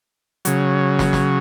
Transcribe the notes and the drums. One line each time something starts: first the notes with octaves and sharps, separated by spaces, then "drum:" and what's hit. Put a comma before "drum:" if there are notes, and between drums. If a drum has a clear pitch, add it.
C#3 F#3, drum: hi-hat
drum: snare
drum: snare